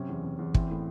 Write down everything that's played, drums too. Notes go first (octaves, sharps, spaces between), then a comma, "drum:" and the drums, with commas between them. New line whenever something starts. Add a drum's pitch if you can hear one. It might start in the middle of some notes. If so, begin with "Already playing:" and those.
Already playing: F#2 C3 C#4
E2
C3
E2
E3 C4, drum: kick
A2